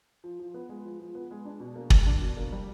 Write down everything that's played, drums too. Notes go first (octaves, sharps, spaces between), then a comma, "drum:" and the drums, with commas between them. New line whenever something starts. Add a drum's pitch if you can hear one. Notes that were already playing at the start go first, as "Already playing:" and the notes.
F3
F3
B3
G#3
F3
F3
B3
G#3
D4
B2
A#3
G3, drum: kick
D4
B2
A#3
G3